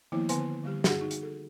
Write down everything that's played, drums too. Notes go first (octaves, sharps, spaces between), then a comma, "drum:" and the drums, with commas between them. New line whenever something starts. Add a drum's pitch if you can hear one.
D#3 F3 A#3 B3 E4 C5
D3 B3 B4 C5 G#5 C6, drum: hi-hat
D3 G3 G4
F#4 G#4 F#5, drum: snare
D#4
drum: hi-hat
A4